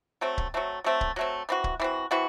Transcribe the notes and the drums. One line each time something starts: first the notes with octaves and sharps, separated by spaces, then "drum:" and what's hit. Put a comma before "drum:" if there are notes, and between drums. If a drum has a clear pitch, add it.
F#3 A3 C4
drum: kick C#1
F#3 A3 C4
F#3 A3 C4
drum: kick C#1
F#3 A3 C4
E3 C4 F#4
drum: kick C#1
E3 C4 F#4
E3 C4 F#4